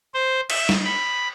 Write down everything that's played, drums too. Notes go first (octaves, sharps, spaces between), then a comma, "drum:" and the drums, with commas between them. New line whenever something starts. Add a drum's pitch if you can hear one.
C5
E5, drum: cymbal
drum: snare
B5